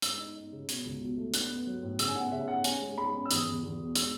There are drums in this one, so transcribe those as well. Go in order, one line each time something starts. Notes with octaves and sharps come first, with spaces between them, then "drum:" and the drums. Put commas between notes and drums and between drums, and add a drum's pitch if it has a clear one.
G#3 E6, drum: hi-hat
D#4
D#4
C#3
B2, drum: hi-hat
C#2
B2
A3
B3 F#6, drum: hi-hat
B3
F#3
A2
C#3 E6, drum: hi-hat
G#5
B3 F#5
C#3 E5
C#3 F#5
C#4 G#5, drum: hi-hat
G#3
G#3 B5
C#4
E6
E2 D#6, drum: hi-hat
E2
E2
B2
G#3 E6, drum: hi-hat